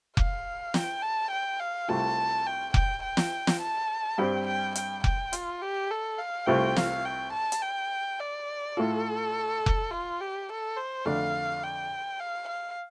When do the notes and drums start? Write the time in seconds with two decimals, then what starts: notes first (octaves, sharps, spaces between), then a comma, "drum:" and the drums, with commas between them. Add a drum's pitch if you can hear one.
0.17 F5, drum: kick F1
0.74 G5, drum: snare
1.02 A5
1.31 G5
1.60 F5
1.88 C2 C3 A3 F4 A5
2.46 G5
2.74 G5, drum: kick F1
3.03 G5
3.17 drum: snare
3.47 drum: snare
3.61 A5
4.18 G2 G3 C4 G5
4.47 G5
4.75 G5, drum: hi-hat
5.04 G5, drum: kick F1
5.33 F4, drum: hi-hat
5.62 G4
5.90 A4
6.18 F5
6.47 C2 C3 A3 C4 F4 G5
6.76 F5, drum: snare
7.05 G5
7.33 A5
7.52 drum: hi-hat
7.62 G5
8.20 D5
8.76 A2 A3 F4 A4
9.66 drum: kick F1
9.91 F4
10.20 G4
10.49 A4
10.77 C5
11.05 F2 D3 A3 D4 F5
11.63 G5
12.20 F5
12.48 F5